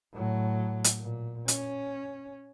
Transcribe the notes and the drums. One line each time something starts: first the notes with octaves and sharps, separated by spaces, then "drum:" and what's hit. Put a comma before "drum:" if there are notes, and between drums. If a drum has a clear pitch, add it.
A2 F#3
drum: hi-hat
A#2
C#4, drum: hi-hat